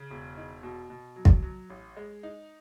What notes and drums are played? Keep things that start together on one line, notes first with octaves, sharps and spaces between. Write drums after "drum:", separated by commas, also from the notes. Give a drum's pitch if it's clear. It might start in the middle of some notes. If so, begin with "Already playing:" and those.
Already playing: C#3
E1
D#4
B2
B2
F#3
drum: kick
F#3
A1
G#3
D#4